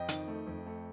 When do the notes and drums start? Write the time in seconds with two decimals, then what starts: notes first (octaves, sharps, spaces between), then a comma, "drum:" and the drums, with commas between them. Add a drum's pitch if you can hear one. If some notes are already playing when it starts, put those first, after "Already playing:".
Already playing: F2 D#5 G5
0.09 D#3, drum: hi-hat
0.28 A3
0.47 F2
0.66 A3